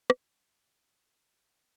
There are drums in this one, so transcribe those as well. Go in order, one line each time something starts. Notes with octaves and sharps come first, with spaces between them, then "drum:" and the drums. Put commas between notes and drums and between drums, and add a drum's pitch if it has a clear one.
F#4, drum: rim click
F#5
F4
D4
C#4